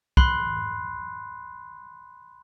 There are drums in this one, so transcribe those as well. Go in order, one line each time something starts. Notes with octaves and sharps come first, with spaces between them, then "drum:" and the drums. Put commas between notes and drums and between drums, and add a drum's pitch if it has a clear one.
B5 C6 F#6 C7, drum: kick